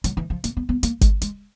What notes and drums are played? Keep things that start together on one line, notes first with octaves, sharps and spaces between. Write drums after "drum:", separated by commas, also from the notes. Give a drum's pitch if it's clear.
F#3, drum: hi-hat
E3
F3
A#3, drum: hi-hat
B3
B3
A#3, drum: hi-hat
G#3, drum: kick G#1, hi-hat
G#3, drum: hi-hat